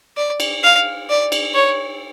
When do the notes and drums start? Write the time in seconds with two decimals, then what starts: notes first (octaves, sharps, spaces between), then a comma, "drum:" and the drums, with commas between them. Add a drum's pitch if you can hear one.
0.17 D5
0.40 drum: cymbal
0.63 F5
1.09 D5
1.32 drum: cymbal
1.55 C#5